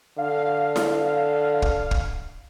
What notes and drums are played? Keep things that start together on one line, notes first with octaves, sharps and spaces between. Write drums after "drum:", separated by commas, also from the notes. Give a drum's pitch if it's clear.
D3 F5
drum: snare E4
drum: kick
drum: kick